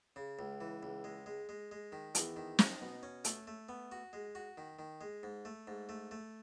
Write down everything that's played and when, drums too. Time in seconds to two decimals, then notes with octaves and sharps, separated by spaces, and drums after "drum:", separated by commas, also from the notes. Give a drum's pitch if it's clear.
0.16 C#3
0.39 C#2
0.61 E3
0.83 C#2
1.04 G#3
1.26 G#3
1.49 G#3
1.71 G#3
1.92 D#3
2.15 E2, drum: hi-hat
2.36 D#3
2.59 D#4, drum: snare
2.81 B2
3.03 C#4
3.24 A3, drum: hi-hat
3.47 A3
3.69 B3
3.92 F#4
4.13 G#3
4.35 F#4
4.57 D#3
4.79 D#3
5.01 G#3
5.23 G#2
5.45 A3
5.67 G#2
5.89 A3
6.11 A3